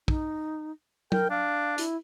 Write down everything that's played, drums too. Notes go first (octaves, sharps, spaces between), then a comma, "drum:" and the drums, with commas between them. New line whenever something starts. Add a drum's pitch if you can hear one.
D#4, drum: kick
A#4 G5, drum: tom F#3
D4 F5
E4, drum: hi-hat